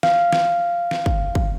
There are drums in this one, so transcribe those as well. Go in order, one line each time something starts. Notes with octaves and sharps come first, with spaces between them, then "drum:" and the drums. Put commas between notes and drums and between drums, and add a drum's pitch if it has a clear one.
F5, drum: snare
drum: snare
drum: snare
drum: kick
drum: kick